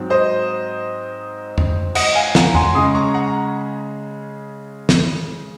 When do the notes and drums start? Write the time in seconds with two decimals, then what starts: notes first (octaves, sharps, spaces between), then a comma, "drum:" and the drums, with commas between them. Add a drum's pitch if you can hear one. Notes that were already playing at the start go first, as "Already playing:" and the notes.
Already playing: G#2 F#3 C4
0.10 C5 D#5
1.58 drum: tom F2
1.95 D#5 F#5, drum: cymbal
2.15 F5 G#5
2.35 F#5 A#5, drum: snare
2.55 G#5 C6, drum: tom F2
2.75 C#3 G#3 C#4 C6 D#6
2.95 A#5 C#6
3.14 F#5 A#5
4.89 drum: snare